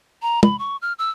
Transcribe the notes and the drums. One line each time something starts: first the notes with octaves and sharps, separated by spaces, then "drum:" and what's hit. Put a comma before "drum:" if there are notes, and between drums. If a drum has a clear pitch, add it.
A#5
B5, drum: tom
C#6
F6
E6